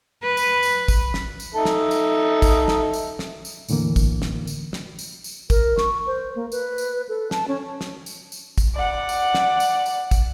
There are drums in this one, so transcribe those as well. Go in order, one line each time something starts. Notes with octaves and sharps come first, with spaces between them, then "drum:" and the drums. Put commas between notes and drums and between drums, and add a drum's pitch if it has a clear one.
B4
drum: tambourine
drum: tambourine
drum: kick, tambourine
drum: snare
drum: tambourine
D#4 A4 E5
drum: snare
drum: tambourine
drum: kick, tambourine
drum: snare
drum: tambourine
drum: snare
drum: tambourine
E2 A2 D3 E3 A#3, drum: tambourine
drum: kick, tambourine
drum: snare
drum: tambourine
drum: snare
drum: tambourine
drum: tambourine
A#4, drum: kick, tambourine
C#6, drum: snare
C5
A#3
B4, drum: tambourine
drum: tambourine
A4
A5, drum: snare
C#4
drum: snare
drum: tambourine
drum: tambourine
drum: kick, tambourine
D5 F#5
drum: tambourine
drum: snare
drum: tambourine
drum: tambourine
drum: kick, tambourine